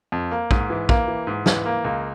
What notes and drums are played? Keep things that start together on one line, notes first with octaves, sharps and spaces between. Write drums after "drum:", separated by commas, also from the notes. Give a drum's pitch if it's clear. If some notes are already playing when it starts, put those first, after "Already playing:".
F2
A#3
G#2, drum: kick A#1
E3
A#3, drum: kick A#1
E3
G#2
E3, drum: snare
A#3
C#2